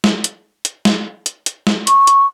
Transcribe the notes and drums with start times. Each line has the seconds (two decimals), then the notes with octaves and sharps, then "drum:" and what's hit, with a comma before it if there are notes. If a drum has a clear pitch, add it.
0.04 drum: snare
0.24 drum: hi-hat
0.65 drum: hi-hat
0.85 drum: snare
1.26 drum: hi-hat
1.46 drum: hi-hat
1.67 drum: snare
1.87 C#6, drum: hi-hat
2.07 drum: hi-hat